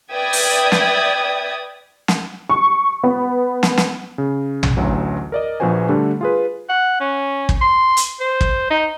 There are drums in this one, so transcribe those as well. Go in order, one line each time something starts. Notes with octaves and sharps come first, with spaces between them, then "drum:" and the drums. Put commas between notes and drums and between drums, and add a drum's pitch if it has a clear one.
B4 D5 E5 G5 D#6 G#6
drum: open hi-hat
drum: snare
drum: snare
C#6
B3
drum: snare
drum: snare
C#3
drum: tom
A1 D2 F#3
A#4 D5 D#5
A#1 F3 B3 F#4 C5 G#5
D3 G3 A3 D4
F4 G#4 B4
F#5
C#4
drum: kick
C6
drum: hi-hat
C5
drum: kick
D#4